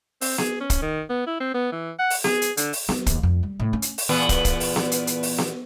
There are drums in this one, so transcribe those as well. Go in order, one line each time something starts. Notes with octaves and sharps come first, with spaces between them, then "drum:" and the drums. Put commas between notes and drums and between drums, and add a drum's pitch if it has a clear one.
C4, drum: open hi-hat
G#4, drum: snare B3
C#4
drum: kick, hi-hat
D#3
B3
E4
C4
B3
E3
F#5
drum: open hi-hat
G#4, drum: snare B3
drum: hi-hat
D3, drum: hi-hat
drum: open hi-hat
F#3, drum: snare B3
D#2, drum: kick, hi-hat
F2
G3
A2
C#4
drum: hi-hat
drum: open hi-hat
E2 A#2 B3
drum: kick, hi-hat
drum: kick, hi-hat
drum: open hi-hat
drum: snare B3
drum: hi-hat
drum: hi-hat
drum: open hi-hat
drum: snare B3